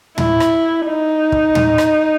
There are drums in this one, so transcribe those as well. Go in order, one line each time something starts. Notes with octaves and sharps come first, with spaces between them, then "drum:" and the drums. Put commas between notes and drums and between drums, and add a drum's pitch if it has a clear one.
E4, drum: tom
drum: rim click
D#4
drum: kick
drum: tom
drum: rim click